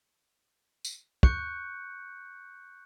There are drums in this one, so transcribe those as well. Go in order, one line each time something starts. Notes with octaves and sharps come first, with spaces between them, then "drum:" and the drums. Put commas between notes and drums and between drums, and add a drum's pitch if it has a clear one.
drum: tambourine
C#6 F#6 G6 C#7, drum: kick